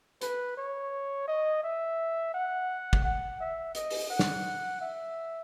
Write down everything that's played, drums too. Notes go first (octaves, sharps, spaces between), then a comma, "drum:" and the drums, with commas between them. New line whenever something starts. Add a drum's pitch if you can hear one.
B4, drum: hi-hat
C#5
D#5
E5
F#5
drum: kick
F#5
E5
D#5, drum: hi-hat
drum: open hi-hat
F#5
drum: snare
E5